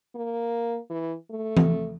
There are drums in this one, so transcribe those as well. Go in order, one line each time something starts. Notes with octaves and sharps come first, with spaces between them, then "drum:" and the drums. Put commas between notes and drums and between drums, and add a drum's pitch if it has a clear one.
A#3
E3
A3
drum: tom E3